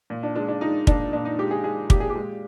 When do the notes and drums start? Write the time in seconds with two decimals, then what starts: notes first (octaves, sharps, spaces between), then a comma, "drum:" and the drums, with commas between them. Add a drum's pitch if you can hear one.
0.10 A#2
0.23 D4
0.36 G#3 D4
0.49 D4
0.61 G#3 D#4
0.87 A#2 D4, drum: kick
1.13 A#2 D4
1.25 D#4
1.39 G#3 G4
1.51 G#4
1.64 G#3 G#4
1.90 A#2 G4, drum: kick
2.00 G#4
2.10 G4
2.15 G#3